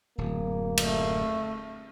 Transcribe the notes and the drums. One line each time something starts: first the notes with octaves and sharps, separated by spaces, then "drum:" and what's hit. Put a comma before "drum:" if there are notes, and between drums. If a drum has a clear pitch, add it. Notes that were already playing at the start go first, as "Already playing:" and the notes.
D1 F#2 A#3
A3, drum: cymbal